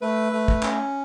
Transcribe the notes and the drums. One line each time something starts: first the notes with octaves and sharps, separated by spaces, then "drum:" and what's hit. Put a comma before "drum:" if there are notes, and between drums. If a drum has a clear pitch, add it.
A3 B4
A3
drum: kick
C#4, drum: clap